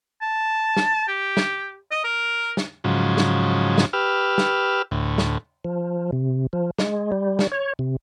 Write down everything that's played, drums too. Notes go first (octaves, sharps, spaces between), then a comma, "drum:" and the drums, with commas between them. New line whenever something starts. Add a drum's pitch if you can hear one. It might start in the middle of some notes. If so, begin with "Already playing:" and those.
A5
drum: snare
G4
drum: snare
D#5
A#4
drum: snare
G#2 C#3 F3 F#3
drum: snare
drum: snare
G4 B4 E6 F6
drum: snare
D2 A2
drum: snare
F3
C3
F3
G#3, drum: snare
G3
drum: snare
C#5
C3